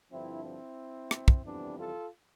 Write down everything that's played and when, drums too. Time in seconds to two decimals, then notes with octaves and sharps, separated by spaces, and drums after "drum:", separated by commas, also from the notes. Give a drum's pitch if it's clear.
0.11 G2 D3 F3 C4 E4
0.44 C4 E4
1.11 drum: rim click
1.28 drum: kick
1.44 F2 C3 E3 G3 B3 D4
1.77 F4 A4